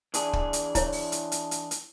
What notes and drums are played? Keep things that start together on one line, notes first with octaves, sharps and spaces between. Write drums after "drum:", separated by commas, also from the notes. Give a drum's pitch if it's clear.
E3 D4 G#4, drum: hi-hat
drum: kick
drum: hi-hat
E4 C#5, drum: kick, hi-hat
drum: open hi-hat
drum: hi-hat
drum: hi-hat
drum: hi-hat
drum: hi-hat